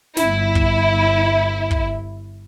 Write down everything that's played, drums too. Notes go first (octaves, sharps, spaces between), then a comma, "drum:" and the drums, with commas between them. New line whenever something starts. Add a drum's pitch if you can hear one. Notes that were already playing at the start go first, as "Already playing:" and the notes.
G1 E4, drum: snare
drum: kick
drum: kick